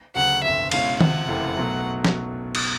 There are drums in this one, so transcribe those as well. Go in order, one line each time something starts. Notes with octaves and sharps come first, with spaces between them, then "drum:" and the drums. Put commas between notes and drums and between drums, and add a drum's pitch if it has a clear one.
D2 C#3 F#3 F#5
G1 F2 C3 E5
C#2 B2 G#3 C#4 E4 F5, drum: cymbal
C#2 C3 F3 F#5, drum: tom D#3
F#1 F2 C3 E3 A3
B1 B2 F#3 A3
drum: snare
drum: cymbal